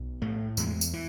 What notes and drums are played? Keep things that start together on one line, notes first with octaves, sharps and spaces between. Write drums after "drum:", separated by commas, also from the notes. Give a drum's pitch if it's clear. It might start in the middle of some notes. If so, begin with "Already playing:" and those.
Already playing: B1
A2 A3
E2 G#3, drum: tambourine
drum: tambourine
E3